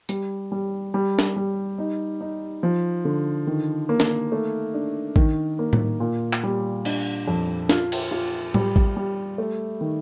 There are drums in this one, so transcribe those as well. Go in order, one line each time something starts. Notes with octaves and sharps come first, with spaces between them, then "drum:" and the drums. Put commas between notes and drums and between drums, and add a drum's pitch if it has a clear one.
G3, drum: hi-hat
G3
G3
drum: snare
G3
D#4
D#4
F3
D3
D#3
A#3
drum: snare
A3
D4
D#3, drum: kick A1
A#3
drum: tom A2
A#2
drum: clap
G3
D4, drum: cymbal
F2
F4, drum: snare
drum: cymbal
F4
G3, drum: tom A2
drum: kick A1
G3
A3
D#3